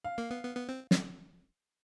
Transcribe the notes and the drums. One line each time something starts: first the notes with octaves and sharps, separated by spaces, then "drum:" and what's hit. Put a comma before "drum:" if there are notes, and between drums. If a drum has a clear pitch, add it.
F5
A#3
B3
B3
B3
C4
drum: snare